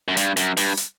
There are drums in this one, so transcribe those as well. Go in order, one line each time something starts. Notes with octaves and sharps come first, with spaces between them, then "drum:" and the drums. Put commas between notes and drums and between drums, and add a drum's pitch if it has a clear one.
F#2
G2, drum: hi-hat
F#2, drum: hi-hat
G2, drum: open hi-hat
drum: hi-hat